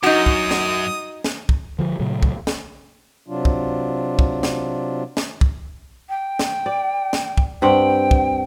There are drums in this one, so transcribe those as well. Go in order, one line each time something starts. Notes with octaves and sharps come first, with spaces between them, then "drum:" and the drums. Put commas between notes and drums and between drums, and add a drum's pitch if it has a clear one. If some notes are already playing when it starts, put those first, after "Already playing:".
F#2 D#4 F#4 D#6
drum: kick
drum: snare
drum: snare
drum: kick
D3 F3
A#2 C#3 F#3 A3
drum: kick
drum: snare
C3 F#3 D4 F4
drum: kick
drum: kick
drum: snare
drum: snare
drum: kick
G5
drum: snare
D5
drum: snare
drum: kick
G2 C4 F#5 G5
drum: kick